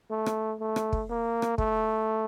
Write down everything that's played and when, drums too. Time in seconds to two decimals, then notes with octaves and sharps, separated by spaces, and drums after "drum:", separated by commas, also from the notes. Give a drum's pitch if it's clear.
0.10 A3
0.26 drum: rim click
0.60 A3
0.76 drum: rim click
0.93 drum: kick
1.10 A#3
1.42 drum: rim click
1.58 A3, drum: kick